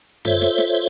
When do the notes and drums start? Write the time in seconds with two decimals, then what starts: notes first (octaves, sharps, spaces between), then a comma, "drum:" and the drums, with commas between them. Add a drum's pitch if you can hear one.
0.25 F4 A4 C5 C#5 E5, drum: tom F#2
0.41 drum: snare
0.58 drum: snare